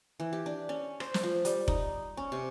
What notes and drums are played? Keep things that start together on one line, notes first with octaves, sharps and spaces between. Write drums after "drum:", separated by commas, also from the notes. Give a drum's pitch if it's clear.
E3
G4
D4
C#4
C5, drum: rim click
drum: snare
F3
G3, drum: hi-hat
D#4, drum: kick F1
C#4
C3